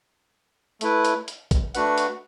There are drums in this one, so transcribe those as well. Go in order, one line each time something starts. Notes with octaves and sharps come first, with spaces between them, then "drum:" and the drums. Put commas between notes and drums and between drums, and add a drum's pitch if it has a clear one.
A3 E4 B4, drum: hi-hat
drum: hi-hat
drum: hi-hat
drum: kick, hi-hat
A3 D4 F#4 B4 F#5, drum: hi-hat
drum: hi-hat